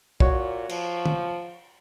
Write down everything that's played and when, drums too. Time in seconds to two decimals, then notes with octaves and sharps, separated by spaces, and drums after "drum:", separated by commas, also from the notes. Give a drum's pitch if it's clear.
0.20 A#2 F#4 C#5, drum: kick
0.69 F3, drum: cymbal
1.06 drum: tom